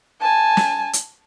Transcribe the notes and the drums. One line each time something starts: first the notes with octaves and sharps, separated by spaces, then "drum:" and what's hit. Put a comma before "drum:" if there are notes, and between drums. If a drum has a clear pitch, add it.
G#5 A5
drum: snare
drum: hi-hat